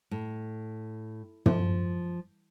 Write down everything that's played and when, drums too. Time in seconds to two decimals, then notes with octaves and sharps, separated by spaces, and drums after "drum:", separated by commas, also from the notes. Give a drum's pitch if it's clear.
0.11 A2
1.46 F3, drum: tom